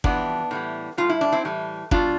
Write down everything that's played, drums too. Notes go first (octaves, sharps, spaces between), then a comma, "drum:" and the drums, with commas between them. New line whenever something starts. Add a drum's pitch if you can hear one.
F2 E3 G3 B3 D4, drum: kick
A2 E3 G3
A2 G3 F4
E4
D4
C4 E4
A2 E3 G3
B2 G3 D4 F4, drum: kick